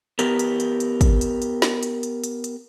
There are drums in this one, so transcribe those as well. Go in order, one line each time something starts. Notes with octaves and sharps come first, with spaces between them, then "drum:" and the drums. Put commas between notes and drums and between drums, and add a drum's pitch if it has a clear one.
B3 G4 A#4, drum: hi-hat
drum: hi-hat
drum: hi-hat
drum: hi-hat
drum: kick, hi-hat
drum: hi-hat
drum: hi-hat
drum: snare
drum: hi-hat
drum: hi-hat
drum: hi-hat
drum: hi-hat